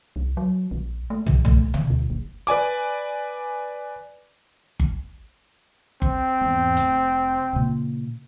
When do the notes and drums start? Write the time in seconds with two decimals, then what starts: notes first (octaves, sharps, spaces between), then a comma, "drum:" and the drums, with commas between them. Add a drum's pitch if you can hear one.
0.16 C2
0.37 F#3
0.71 A#1
1.10 A3
1.27 C#3, drum: tom
1.45 A3, drum: tom
1.74 F#1, drum: tom B2
1.90 D2
2.10 G1
2.47 B4 D5 G#5 D6, drum: hi-hat
4.80 drum: kick G1
6.02 C4, drum: kick G1
6.41 E2 G#2
6.77 F1, drum: hi-hat
7.53 A#2 C#3